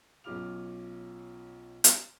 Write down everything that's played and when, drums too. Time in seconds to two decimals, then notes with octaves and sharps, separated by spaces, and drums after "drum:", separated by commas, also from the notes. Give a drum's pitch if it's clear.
0.24 B1 C#4 F4 D6 F6 F7
1.84 drum: hi-hat